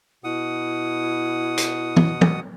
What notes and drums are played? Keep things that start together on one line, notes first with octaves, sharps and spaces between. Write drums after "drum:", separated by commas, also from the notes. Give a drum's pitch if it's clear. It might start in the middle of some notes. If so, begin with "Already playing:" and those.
B2 E4 F#5 D#6
drum: hi-hat
drum: tom
drum: tom